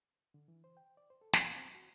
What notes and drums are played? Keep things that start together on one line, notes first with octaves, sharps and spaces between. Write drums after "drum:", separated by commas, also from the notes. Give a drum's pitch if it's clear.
D3
E3
C5
G5
D5
C5
A4
C4, drum: snare
C4
F#4